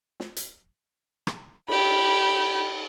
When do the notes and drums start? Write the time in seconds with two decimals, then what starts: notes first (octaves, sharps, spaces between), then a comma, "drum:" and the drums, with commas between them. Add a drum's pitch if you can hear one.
0.20 drum: snare
0.36 drum: hi-hat
1.27 drum: rim click
1.68 G4 B5, drum: cymbal